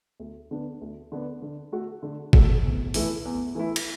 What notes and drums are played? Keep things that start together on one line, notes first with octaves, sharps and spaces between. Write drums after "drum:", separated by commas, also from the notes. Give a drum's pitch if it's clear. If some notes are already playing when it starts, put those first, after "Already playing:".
D2
D3 B3 D4
D2
D3 B3 D4
D3
A3 F#4
D3
A3 F#4, drum: kick G#1
E2
E3 A3 E4, drum: open hi-hat
E2
E3 A3 E4
drum: cymbal